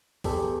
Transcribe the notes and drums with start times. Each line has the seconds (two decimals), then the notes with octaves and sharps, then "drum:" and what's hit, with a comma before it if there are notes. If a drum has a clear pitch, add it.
0.24 E2 G4 A4, drum: kick, open hi-hat